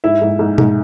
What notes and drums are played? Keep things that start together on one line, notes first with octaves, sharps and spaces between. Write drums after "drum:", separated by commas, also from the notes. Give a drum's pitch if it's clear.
G#2 E4 E5
G#2
G#2
G#2, drum: tom B2